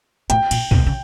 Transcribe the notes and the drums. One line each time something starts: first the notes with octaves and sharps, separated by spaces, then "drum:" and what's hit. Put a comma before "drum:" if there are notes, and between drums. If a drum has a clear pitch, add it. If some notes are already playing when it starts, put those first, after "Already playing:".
A2 G5, drum: hi-hat
A#2, drum: cymbal
B2, drum: tom
C#3